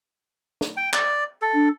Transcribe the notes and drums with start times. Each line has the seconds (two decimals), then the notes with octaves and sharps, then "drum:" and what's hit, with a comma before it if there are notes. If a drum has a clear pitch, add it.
0.61 drum: snare
0.77 G5
0.93 D5, drum: clap
1.42 A4
1.54 D4